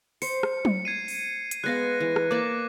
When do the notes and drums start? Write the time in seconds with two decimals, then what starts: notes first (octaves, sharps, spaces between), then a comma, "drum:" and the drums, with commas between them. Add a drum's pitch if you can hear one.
0.22 C5 C#7, drum: open hi-hat
0.43 drum: rim click
0.65 drum: tom F#3
0.85 G#6 C7 D#7
1.08 drum: open hi-hat
1.51 drum: hi-hat
1.64 G#3 B3 F5 F#6 A#6
2.00 E3
2.16 drum: rim click
2.31 A#3 D5 D6